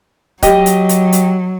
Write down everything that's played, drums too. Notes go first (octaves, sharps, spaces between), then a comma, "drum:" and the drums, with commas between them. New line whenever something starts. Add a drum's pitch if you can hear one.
F#3 G4 D#5, drum: kick C#1, hi-hat
drum: hi-hat
drum: hi-hat
drum: hi-hat